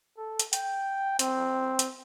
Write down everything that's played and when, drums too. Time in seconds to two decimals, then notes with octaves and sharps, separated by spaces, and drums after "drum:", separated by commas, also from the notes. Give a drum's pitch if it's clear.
0.18 A4
0.40 drum: hi-hat
0.53 G5, drum: hi-hat
1.19 C4, drum: hi-hat
1.79 drum: hi-hat